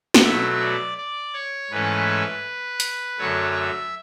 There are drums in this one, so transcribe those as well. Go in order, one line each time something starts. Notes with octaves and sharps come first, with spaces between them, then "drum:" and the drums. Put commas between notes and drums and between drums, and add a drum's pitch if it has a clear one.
drum: snare
B2 F#3 A3 E5
D5
D5
C#5
G#2 E3 A3 C#4 B4
drum: hi-hat
F#2 D3 F#3 A3 C#5
E5